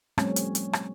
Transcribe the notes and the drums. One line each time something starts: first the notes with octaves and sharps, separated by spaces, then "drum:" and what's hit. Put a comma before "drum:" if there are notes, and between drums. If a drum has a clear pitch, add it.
F3 G3 A3 C4 C#4, drum: rim click
drum: hi-hat
drum: hi-hat
drum: rim click